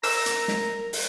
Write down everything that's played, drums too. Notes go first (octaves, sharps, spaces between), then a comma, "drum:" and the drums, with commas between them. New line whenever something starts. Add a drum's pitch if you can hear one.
A#4 A#5 E6, drum: open hi-hat
drum: hi-hat
drum: snare
drum: open hi-hat